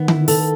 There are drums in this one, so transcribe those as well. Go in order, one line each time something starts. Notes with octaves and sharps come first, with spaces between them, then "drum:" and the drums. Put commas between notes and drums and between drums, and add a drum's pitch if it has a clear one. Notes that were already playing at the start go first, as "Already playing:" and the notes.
Already playing: D#3 B3
E4, drum: tom D3
A4, drum: open hi-hat